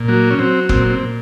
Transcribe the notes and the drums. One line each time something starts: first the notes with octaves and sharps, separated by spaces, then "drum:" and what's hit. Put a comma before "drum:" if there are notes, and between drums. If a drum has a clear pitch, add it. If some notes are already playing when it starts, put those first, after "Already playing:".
Already playing: A#2
F#3 A#3
C#4
F#3 C4
A#2 C4, drum: kick F#1
C4
A#2